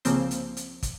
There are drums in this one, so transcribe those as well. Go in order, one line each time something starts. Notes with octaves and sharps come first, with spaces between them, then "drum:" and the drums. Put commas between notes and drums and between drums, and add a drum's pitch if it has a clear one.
C2 C#3 F3 A#3 C4 C5, drum: hi-hat
drum: hi-hat
drum: hi-hat
drum: kick, hi-hat